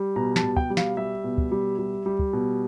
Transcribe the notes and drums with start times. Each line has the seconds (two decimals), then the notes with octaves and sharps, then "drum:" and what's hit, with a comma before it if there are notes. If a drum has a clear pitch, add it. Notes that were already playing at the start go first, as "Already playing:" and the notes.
Already playing: G3
0.16 B2 A#5
0.36 A5, drum: snare
0.43 B2
0.57 G5, drum: kick
0.70 G3
0.77 F5, drum: snare
0.97 G3 E5
1.24 B2
1.38 drum: kick
1.52 G3
1.79 G3
2.06 G3
2.19 drum: kick
2.33 B2